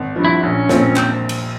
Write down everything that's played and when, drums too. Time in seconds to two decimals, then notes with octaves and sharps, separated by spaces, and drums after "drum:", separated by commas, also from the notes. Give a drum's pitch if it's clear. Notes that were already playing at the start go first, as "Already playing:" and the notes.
Already playing: G#1
0.16 G2 F3
0.25 E4
0.43 A#1 C#4
0.69 A#2 F3 C4, drum: snare
0.96 C4, drum: clap
1.29 drum: cymbal